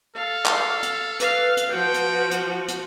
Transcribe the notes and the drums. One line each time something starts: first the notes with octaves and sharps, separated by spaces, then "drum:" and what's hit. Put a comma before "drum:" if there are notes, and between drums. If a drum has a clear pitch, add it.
A4 F5
drum: clap
drum: hi-hat
B4 F5, drum: hi-hat
drum: hi-hat
F3 F#4 G5
drum: hi-hat
drum: hi-hat
drum: hi-hat